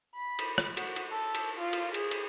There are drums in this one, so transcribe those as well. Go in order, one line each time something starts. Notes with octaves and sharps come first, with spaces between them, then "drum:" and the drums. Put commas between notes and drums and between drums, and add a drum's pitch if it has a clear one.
B5
drum: cymbal
drum: rim click
F#4, drum: cymbal
drum: cymbal
A4
drum: cymbal
F4
drum: cymbal
G#4, drum: cymbal
drum: cymbal